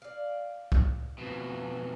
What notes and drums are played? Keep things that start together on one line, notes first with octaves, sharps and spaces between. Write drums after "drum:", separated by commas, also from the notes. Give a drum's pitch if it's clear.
D5 F5
drum: kick
F2 B2